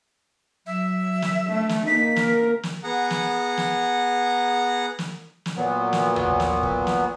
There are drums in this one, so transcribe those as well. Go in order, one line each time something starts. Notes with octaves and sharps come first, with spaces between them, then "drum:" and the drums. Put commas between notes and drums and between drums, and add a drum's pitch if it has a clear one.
F#3 E5
drum: snare
A3
drum: snare
A#3 D#4 B6
A#4, drum: snare
drum: snare
B3 G#4 F#5 A#5
drum: snare
drum: snare
drum: snare
drum: snare
A#2 F#3 B3
drum: snare
drum: tom
drum: snare
drum: kick
drum: snare